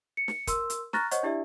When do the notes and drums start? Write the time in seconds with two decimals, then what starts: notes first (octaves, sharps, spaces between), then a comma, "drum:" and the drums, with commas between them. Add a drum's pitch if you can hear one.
0.17 C#7
0.28 drum: snare
0.47 A#4 C6 E6, drum: kick, hi-hat
0.70 drum: hi-hat
0.93 A#5 C#6 F6 F#6 A6 A#6, drum: snare
1.11 C5 C#5 D#5 F#5 C#6, drum: hi-hat
1.23 D4 E4 G4 D5 E5